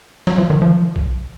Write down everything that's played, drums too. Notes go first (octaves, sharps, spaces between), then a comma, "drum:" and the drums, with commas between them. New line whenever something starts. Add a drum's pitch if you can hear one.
F#3, drum: snare
F3
D#3
F3
drum: kick A#1